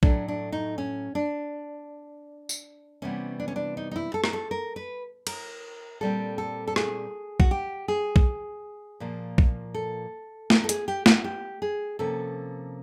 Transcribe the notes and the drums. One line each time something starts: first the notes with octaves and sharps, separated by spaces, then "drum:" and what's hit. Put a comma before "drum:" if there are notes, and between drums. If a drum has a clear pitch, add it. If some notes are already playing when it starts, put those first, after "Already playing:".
A2 F#3 A3 D4, drum: kick A#1
D4
D#4
C#4
D4
drum: tambourine
C3 E3 G3 B3 C#4
D4
C#4
D4
D#4
D#4
E4
A4
A#4, drum: rim click
A4
A#4
B4
A#4, drum: cymbal
A#2 G3 C4 A4
A4
A4
G#4, drum: rim click
F#4, drum: kick A#1
G4
G#4
drum: kick A#1
A#2 F3 A#3
drum: kick A#1
A4
A#4, drum: snare
A4
G#4, drum: hi-hat
G4
F#4, drum: snare
G4
G#4
C3 F3 A#3 C#4 A4